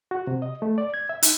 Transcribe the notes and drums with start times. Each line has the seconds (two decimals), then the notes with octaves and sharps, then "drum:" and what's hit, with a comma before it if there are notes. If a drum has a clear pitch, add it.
0.11 F#4
0.27 C3
0.42 D#5
0.62 A3
0.78 D5
0.94 G#6
1.09 E5
1.23 D#4, drum: hi-hat